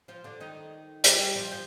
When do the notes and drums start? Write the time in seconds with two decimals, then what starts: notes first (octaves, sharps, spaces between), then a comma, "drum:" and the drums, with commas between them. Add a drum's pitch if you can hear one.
0.08 F3 F4
0.24 D3 D4
0.40 D#3 D#4
1.04 G3 G4, drum: hi-hat
1.36 F3 F4
1.51 F3